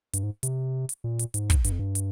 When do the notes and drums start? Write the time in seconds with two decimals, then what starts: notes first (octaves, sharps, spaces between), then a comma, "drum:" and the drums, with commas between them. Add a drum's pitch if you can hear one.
0.13 G2, drum: hi-hat
0.23 G#2
0.43 C3, drum: hi-hat
0.89 drum: hi-hat
1.04 A#2
1.19 drum: hi-hat
1.34 G#2, drum: hi-hat
1.50 drum: kick, hi-hat
1.64 G2, drum: hi-hat
1.72 F2
1.79 G2
1.95 drum: hi-hat